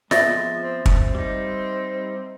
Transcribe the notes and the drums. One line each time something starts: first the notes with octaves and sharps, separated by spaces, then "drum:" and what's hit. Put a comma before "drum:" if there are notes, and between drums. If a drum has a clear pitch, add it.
F3 G#3 B3 E5 A6 A#6, drum: snare
C4
C4, drum: kick
G3 D#4